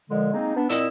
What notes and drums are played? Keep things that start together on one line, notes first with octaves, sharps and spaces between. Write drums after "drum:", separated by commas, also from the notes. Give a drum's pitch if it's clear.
A#2 D3 F3 G#3
G#3 A#3 C4 D#4
B3 D4
A#2 C4 E4 D#5 E6, drum: hi-hat